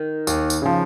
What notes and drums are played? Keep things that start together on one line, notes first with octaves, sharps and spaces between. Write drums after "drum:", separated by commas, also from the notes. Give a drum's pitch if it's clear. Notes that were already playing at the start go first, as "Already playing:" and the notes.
Already playing: D#3
D#2, drum: tambourine
drum: tambourine
C#3 F3